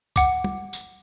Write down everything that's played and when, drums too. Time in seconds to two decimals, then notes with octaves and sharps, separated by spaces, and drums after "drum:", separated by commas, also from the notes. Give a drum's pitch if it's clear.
0.16 F#5 D6, drum: kick C2, tambourine
0.44 drum: tom
0.73 drum: tambourine